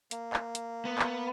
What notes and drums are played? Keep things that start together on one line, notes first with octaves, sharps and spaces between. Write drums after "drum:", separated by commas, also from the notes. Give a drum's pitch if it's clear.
A#3, drum: hi-hat
drum: clap
drum: hi-hat
B3
drum: clap